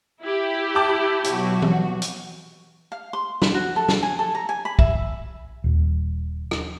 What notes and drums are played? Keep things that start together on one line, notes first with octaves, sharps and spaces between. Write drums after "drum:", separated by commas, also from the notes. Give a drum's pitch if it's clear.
E4 G4
G5 A5 D6
B2 F#3 F#4, drum: hi-hat
drum: tom E3
drum: hi-hat
F5
C6
B5, drum: snare
F#4
A4
drum: snare
G#5
A4
A#5
G#5
B5
E5, drum: kick
D#1
drum: rim click